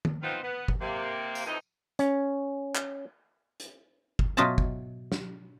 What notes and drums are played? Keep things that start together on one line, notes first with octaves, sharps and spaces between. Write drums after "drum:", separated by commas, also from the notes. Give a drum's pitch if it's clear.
drum: tom
D#3 B3 C4 D#4 F4 C5
B3
drum: kick
C3 A#3
drum: tambourine
F2 E3 D#4
C#4, drum: hi-hat
drum: clap
drum: hi-hat
drum: kick
B2 F#3 F4 D#5 E5 A5
drum: kick
drum: snare